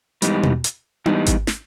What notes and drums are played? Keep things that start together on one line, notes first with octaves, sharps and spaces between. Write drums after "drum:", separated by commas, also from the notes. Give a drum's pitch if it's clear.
G#2 E3 G3 B3 D#4, drum: hi-hat
drum: tom B2
drum: hi-hat
G#2 E3 G3 B3 D#4, drum: tom D4
drum: kick G#1, hi-hat
drum: snare